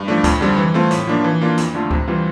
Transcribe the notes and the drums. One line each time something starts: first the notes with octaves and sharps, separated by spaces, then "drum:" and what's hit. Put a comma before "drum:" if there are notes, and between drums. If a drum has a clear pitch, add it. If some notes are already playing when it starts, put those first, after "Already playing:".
Already playing: G2
F3 A3 D4
F2, drum: kick D2, hi-hat
D3 G3 C4
E3
A3 C4 F4
A2, drum: hi-hat
F3 A#3 D4 F4
E3
A#3 D4 F4
F2, drum: hi-hat
D3 A3 D4 F4
C3, drum: kick D2
E3 G3 C4 F4